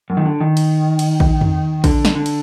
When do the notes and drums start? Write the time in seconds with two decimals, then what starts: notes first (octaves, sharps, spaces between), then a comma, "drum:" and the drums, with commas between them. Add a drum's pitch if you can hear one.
0.10 F#2
0.17 D#3
0.25 D3
0.41 D#3
0.57 drum: cymbal
0.99 drum: cymbal
1.20 drum: kick A#1
1.41 drum: tom
1.84 D3, drum: kick A#1, cymbal
2.05 drum: snare
2.15 D3
2.26 drum: cymbal